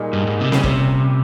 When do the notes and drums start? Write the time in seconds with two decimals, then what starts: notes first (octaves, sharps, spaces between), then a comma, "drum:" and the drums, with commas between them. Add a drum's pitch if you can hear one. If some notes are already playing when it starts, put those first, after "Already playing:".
Already playing: A#2 G3 A#3 D#4 G#4
0.13 G2
0.27 G#2
0.41 C3
0.52 A#2 C#3 G3 C#4 G4, drum: snare C4
0.63 C3, drum: kick